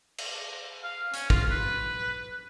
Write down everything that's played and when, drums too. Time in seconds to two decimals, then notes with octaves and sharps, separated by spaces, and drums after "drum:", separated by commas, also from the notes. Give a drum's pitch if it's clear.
0.18 drum: cymbal
0.84 F5
1.13 C#4, drum: hi-hat
1.30 F4, drum: kick
1.51 B4